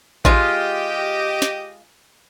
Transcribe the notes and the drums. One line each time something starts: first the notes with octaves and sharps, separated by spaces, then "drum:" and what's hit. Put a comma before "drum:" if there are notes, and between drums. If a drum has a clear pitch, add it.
G#3 F4 G4 D#5, drum: kick A1
drum: snare